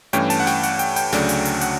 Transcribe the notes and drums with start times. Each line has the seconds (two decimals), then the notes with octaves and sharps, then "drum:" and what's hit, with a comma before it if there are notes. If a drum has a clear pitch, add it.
0.13 G2 E3 A3 C#4 G5, drum: hi-hat
0.30 A5, drum: open hi-hat
0.40 F#5
0.47 G5, drum: snare
0.63 F#5, drum: open hi-hat
0.79 G5, drum: hi-hat
0.96 G5, drum: open hi-hat
1.12 D2 C#3 F#3 A3 D4, drum: snare
1.29 drum: open hi-hat
1.45 drum: hi-hat
1.61 F#5, drum: open hi-hat